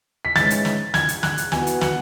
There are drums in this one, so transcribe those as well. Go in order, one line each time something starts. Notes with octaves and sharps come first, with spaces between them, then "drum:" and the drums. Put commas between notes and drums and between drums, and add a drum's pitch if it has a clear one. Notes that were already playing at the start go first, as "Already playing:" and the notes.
B6
G#2 E3 G#3 C#4 A6, drum: snare
drum: hi-hat
drum: snare
G#6, drum: snare
drum: hi-hat
F#6, drum: snare
drum: hi-hat
E3 B3 F#4 G#5, drum: snare
drum: hi-hat
F#5, drum: snare